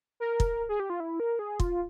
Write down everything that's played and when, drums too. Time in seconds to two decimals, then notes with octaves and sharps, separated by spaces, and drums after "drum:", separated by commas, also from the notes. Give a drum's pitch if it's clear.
0.20 A#4
0.40 drum: kick
0.69 G#4
0.80 G4
0.90 F4
1.00 E4
1.20 A#4
1.39 G#4
1.60 F4, drum: kick